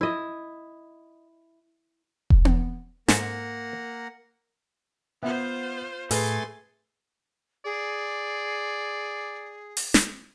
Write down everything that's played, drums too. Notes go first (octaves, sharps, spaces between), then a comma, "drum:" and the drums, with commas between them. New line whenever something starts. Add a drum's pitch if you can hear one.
E4 D#5
drum: kick E1
drum: tom B3
G#2 A#3 A4 A#4 F#5, drum: snare
B3 F4 C5 E5 F#5
A2 A3 G#4 B4 G#5 C6 A6, drum: open hi-hat
G#4 D5
drum: open hi-hat
drum: snare